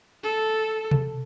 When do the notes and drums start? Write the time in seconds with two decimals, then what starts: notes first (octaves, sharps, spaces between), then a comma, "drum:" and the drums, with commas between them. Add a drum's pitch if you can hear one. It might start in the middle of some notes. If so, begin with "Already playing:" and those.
0.23 A4
0.91 drum: tom B2